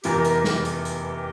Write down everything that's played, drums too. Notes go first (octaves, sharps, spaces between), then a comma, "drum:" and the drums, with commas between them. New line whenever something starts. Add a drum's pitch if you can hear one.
F1 E2 E3 G4 A#4, drum: hi-hat
drum: hi-hat
G4 A#4, drum: snare
drum: hi-hat
drum: hi-hat